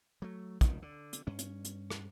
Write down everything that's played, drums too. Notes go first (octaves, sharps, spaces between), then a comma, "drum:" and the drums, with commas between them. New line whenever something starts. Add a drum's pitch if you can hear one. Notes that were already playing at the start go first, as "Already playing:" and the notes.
F#3 A3
F1 C#2 D#3, drum: kick, hi-hat
D3
drum: hi-hat
G2 C#4
drum: hi-hat
drum: hi-hat
drum: rim click